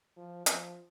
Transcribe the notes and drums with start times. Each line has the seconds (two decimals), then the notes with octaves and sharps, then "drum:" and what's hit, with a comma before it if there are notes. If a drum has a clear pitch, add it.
0.16 F3
0.46 F3, drum: hi-hat